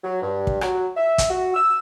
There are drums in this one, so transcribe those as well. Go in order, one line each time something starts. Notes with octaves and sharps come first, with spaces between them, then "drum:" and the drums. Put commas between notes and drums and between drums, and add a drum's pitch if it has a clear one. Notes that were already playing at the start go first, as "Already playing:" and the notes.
F#3
G2
drum: kick
F#3, drum: rim click
E5
drum: kick, hi-hat
F#4
E6